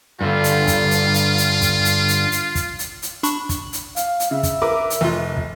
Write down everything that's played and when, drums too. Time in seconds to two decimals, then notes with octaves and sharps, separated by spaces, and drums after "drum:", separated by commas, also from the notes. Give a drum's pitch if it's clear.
0.21 G2 D3 F4
0.44 drum: hi-hat
0.67 drum: kick, hi-hat
0.91 drum: hi-hat
1.14 drum: hi-hat
1.38 drum: hi-hat
1.61 drum: kick, hi-hat
1.85 drum: hi-hat
2.08 drum: hi-hat
2.32 drum: hi-hat
2.55 drum: kick, hi-hat
2.79 drum: hi-hat
3.02 drum: hi-hat
3.23 D4 B5 C#6, drum: hi-hat
3.49 drum: kick, hi-hat
3.73 drum: hi-hat
3.96 F5, drum: hi-hat
4.20 drum: hi-hat
4.31 C#3 E5
4.43 drum: kick, hi-hat
4.62 A#4 B4 D6
4.90 drum: hi-hat
5.01 F1 E3 F4
5.37 drum: kick